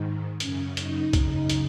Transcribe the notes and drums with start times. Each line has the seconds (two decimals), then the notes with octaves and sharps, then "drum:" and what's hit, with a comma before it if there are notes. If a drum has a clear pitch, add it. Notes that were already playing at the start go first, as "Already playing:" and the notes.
Already playing: G#2 D#3
0.40 F#2 C#3 C#4, drum: hi-hat
0.77 D#4, drum: hi-hat
1.13 F#2 C#3, drum: kick, hi-hat
1.50 drum: hi-hat